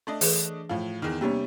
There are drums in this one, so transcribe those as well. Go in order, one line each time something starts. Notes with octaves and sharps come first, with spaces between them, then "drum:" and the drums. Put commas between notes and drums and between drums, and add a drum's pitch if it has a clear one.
A3 D4 D#5
E3 G#4 B4, drum: open hi-hat
A2 F3 F5
E2 D#3
C3 G3 A#3 B3 D4 C#5